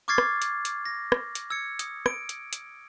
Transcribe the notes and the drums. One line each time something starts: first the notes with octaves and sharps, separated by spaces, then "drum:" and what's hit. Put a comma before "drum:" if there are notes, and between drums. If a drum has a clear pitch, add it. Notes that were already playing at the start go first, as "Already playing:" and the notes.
C#6 D6 F6 G#6 A6 C7
drum: rim click
drum: hi-hat
drum: hi-hat
A#6
drum: rim click
drum: hi-hat
E6 G#6 C#7
D#6, drum: hi-hat
D7, drum: rim click
drum: hi-hat
drum: hi-hat